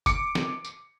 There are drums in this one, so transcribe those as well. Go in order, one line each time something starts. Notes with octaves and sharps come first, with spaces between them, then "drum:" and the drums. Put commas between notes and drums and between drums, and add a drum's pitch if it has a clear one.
D6 C#7, drum: kick, tambourine
drum: snare
drum: tambourine